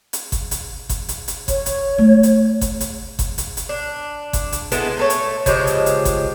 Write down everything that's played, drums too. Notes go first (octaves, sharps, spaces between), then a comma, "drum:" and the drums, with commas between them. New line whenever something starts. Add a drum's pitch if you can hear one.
drum: hi-hat
drum: kick G1, hi-hat
drum: hi-hat
drum: kick G1, hi-hat
drum: hi-hat
drum: hi-hat
C#5, drum: kick G1, hi-hat
drum: hi-hat
A3
drum: hi-hat
drum: kick G1, hi-hat
drum: hi-hat
drum: kick G1, hi-hat
drum: hi-hat
drum: hi-hat
D4
drum: kick G1, hi-hat
drum: hi-hat
G#3 B3 E4 A4, drum: hi-hat
A3 A4 C#5
drum: hi-hat
C#3 F3 G#3 G4, drum: kick G1, hi-hat
drum: hi-hat
drum: hi-hat
drum: kick G1, hi-hat